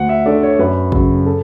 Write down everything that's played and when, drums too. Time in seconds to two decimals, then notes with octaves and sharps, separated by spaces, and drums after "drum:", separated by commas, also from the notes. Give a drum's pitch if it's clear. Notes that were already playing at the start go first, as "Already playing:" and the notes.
Already playing: D2 F#5
0.09 E5
0.26 D3 A3 D5
0.43 C#5
0.59 F#2 B4
0.92 C#3 F#3, drum: kick G#1
1.26 A4